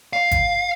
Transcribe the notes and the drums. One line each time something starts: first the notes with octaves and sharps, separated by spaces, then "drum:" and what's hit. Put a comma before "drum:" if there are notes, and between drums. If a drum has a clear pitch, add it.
F5
drum: kick, hi-hat